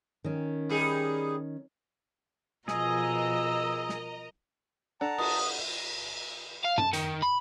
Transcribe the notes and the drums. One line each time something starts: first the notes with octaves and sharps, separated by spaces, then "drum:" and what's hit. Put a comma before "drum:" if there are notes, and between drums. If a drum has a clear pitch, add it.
D#3 C#4
G3 D#4 G#4
B2 F3 G#4 A#4 D#5 A#5 E6, drum: snare
drum: snare
D4 A4 F#5 A5 A#5
D#6, drum: cymbal
F5
A5, drum: tom F#2
D#3, drum: hi-hat
B5